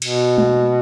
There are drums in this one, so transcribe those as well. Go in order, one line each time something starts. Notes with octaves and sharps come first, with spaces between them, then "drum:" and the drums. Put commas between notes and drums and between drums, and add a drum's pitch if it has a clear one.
B2, drum: cymbal
drum: tom G#3